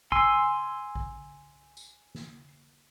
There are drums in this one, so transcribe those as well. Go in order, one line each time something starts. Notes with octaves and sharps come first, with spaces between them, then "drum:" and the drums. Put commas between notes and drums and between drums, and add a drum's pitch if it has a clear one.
G#5 C6 E6, drum: kick A1
drum: kick A1
drum: tambourine
drum: snare